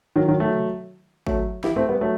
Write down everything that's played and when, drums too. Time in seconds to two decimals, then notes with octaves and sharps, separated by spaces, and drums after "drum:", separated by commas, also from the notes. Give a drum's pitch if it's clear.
0.16 D#3 F#3
0.28 D#3 F#3
0.40 F#3 A3
0.53 drum: tom
1.27 F#3 A3, drum: kick G#1
1.64 E4 G4, drum: snare
1.76 A3 C4
1.89 G3 B3
2.01 F#3 A3